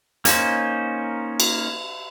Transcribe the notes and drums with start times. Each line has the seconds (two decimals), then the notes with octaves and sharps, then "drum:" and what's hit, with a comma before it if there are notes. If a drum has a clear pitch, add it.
0.25 A#3 C#4 D#4 C5, drum: hi-hat
1.40 drum: cymbal